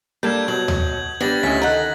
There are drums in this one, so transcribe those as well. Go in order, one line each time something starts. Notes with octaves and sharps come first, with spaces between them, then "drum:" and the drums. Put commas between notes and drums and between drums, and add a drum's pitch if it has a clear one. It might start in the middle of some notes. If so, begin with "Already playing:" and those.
G3 A#3 D4 A4 G6 G#6
B2 F#3 F#7
drum: tom D#2
G3 B3 D4 A6 A#6 F#7
D2 C#4 E4 D#5 G#5 A6 B6
D#3 A4 D#5 F#5 A#5